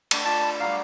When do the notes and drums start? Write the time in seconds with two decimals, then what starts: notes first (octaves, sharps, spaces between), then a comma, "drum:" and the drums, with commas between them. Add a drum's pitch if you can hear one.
0.11 A3 D4, drum: cymbal
0.25 F4 A5
0.39 B5 C6
0.60 F#3 G3 F5